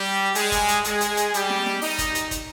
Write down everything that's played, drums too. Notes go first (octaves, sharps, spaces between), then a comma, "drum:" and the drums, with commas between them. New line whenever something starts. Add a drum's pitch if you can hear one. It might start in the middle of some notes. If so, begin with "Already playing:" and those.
Already playing: G3 G4
G#3 G#4, drum: hi-hat
drum: kick, hi-hat
drum: hi-hat
G#3 G#4, drum: hi-hat
drum: hi-hat
drum: hi-hat
G3 G4, drum: hi-hat
drum: snare
drum: snare
D#4, drum: open hi-hat
drum: kick, hi-hat
drum: hi-hat
drum: kick, hi-hat